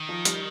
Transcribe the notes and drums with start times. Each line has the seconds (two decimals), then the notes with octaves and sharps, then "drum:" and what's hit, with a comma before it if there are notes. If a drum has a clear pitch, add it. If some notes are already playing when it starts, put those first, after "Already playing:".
Already playing: D#3
0.09 F3
0.25 G3, drum: hi-hat